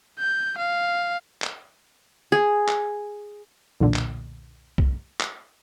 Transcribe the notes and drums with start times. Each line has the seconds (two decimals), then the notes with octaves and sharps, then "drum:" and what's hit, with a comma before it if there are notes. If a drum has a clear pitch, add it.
0.19 G6
0.58 F5
1.42 drum: clap
2.32 G#4
2.68 drum: clap
3.80 B1 E2 A#2 D3
3.94 drum: clap
4.78 drum: kick
5.20 drum: clap